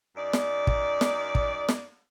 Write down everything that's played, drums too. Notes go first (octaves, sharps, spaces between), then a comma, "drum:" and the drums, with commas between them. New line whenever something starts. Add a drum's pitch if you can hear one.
F#2 D#4 D5
drum: snare
drum: kick
drum: snare
drum: kick
drum: snare